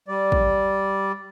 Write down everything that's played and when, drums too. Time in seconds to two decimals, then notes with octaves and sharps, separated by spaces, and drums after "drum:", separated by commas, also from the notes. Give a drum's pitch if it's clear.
0.08 G3 D5
0.32 drum: kick